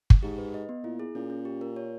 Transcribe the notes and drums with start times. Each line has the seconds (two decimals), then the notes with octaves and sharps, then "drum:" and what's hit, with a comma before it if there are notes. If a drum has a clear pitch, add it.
0.10 drum: kick
0.23 G#2 G4
0.38 B4
0.54 D#5
0.69 B3
0.84 A#2 E4
1.00 G#4
1.15 A#2 C#4
1.30 C#4
1.45 G4
1.61 A#4
1.76 C#5